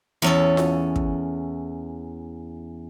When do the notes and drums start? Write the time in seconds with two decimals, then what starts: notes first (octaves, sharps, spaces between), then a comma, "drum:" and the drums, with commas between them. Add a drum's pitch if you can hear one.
0.22 E2 C#4 A4
0.57 drum: snare F4
0.96 drum: kick